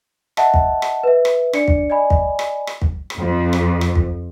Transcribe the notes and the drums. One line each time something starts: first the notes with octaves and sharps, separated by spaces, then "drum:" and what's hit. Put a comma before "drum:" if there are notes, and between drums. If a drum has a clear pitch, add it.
D#5 E5 F#5 A5, drum: rim click
drum: kick
drum: rim click
B4 E5
drum: rim click
D4 D5 C#7, drum: rim click
drum: kick
D5 D#5 G#5 B5
drum: kick
drum: rim click
drum: rim click
drum: kick
drum: rim click
F2
drum: rim click
drum: rim click
drum: kick